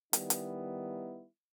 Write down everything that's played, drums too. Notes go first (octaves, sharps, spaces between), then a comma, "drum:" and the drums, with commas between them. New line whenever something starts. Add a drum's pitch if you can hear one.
D#3 G3 B3 D#4 E4, drum: hi-hat
drum: hi-hat